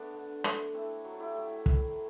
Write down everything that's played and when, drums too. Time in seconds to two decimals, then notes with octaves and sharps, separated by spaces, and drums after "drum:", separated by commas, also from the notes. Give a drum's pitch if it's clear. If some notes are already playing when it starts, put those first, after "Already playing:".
Already playing: A3 B3 D4
0.14 D3
0.44 A3, drum: rim click
0.74 A3 C4 E4
1.04 F#3
1.12 A4
1.20 E4 G4
1.35 A2
1.66 A2, drum: kick